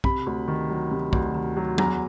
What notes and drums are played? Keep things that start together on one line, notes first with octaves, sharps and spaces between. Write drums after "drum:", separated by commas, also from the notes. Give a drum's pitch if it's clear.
C3 B5, drum: kick
D2
D#3
F#3
C3
D2, drum: kick
D#3
F#3
E2 A#5, drum: tom F#3